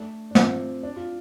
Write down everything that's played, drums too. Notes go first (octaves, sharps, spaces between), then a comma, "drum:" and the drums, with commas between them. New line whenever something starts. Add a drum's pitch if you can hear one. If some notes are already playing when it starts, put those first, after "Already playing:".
Already playing: A3 D4
D4
C4 F4, drum: snare
D4
F4